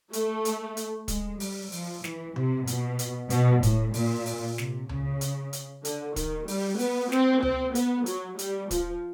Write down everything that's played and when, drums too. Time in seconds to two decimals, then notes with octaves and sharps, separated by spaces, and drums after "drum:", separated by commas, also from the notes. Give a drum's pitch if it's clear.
0.13 A3, drum: hi-hat
0.45 drum: hi-hat
0.77 drum: hi-hat
1.08 G#3, drum: kick, hi-hat
1.40 G3, drum: open hi-hat
1.72 F3, drum: open hi-hat
2.04 E3, drum: snare
2.36 C3, drum: tom B2
2.67 B2, drum: hi-hat
2.99 drum: hi-hat
3.30 B2, drum: hi-hat
3.63 A2, drum: kick, hi-hat
3.94 A#2, drum: open hi-hat
4.26 drum: open hi-hat
4.58 C3, drum: snare
4.89 C#3, drum: tom C#2
5.21 drum: hi-hat
5.53 drum: hi-hat
5.85 D3, drum: hi-hat
6.16 D#3, drum: kick, hi-hat
6.48 G3, drum: open hi-hat
6.79 B3, drum: open hi-hat
7.12 C4, drum: snare
7.43 C4, drum: tom C#2
7.75 B3, drum: hi-hat
8.06 F#3, drum: hi-hat
8.39 G3, drum: hi-hat
8.71 F3, drum: kick, hi-hat